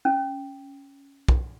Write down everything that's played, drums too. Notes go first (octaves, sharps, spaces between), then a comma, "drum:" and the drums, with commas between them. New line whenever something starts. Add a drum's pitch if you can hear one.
C#4
drum: kick